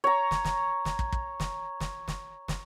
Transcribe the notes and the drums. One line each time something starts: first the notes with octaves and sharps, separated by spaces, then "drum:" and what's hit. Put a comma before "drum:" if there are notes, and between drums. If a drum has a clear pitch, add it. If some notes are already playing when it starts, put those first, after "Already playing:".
C#5 A#5
drum: snare
drum: snare
drum: snare
drum: kick
drum: kick
drum: snare
drum: snare
drum: snare
drum: snare